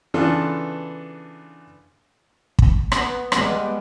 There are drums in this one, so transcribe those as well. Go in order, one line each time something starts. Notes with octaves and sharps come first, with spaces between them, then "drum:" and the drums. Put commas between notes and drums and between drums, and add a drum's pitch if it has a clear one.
C#3 E3 B3 D4 F4 A4
drum: kick
B3, drum: rim click
G3 G#3 B3, drum: rim click